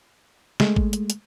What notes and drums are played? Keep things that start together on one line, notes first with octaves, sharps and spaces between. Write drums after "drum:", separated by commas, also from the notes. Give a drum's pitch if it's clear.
G#3 A3, drum: snare
drum: kick
drum: hi-hat
drum: hi-hat